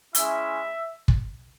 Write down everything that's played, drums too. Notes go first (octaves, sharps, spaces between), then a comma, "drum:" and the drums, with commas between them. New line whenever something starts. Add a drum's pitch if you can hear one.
G#3 C#4 E4 E5, drum: hi-hat
drum: kick